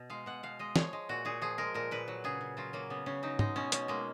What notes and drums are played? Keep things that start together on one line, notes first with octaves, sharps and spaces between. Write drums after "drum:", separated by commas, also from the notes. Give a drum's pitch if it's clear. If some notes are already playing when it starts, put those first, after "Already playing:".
Already playing: B2
G#3 F5
B2 F#5
B2 F5
G#3 D#5
F3 C#5, drum: snare
G#3
A#2 F#4
A#2 G#4
F3 G#4
G#3 A#4
A#2 A#4
A#2 B4
F#3
C#3 G#4
C#3
F#3 F4
F#3 A#3
C#3 B3
C#3 C#4
F#3 D#4
G#3 D#4, drum: tom
B2 C#4
B2 C#4, drum: hi-hat
G#3 A#3